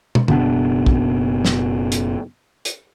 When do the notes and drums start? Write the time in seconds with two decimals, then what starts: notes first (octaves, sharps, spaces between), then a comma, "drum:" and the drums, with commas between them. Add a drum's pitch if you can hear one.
0.15 drum: tom
0.28 F#1 B2 B3 D4, drum: tom
0.86 drum: kick
1.45 drum: snare
1.92 drum: hi-hat
2.65 drum: hi-hat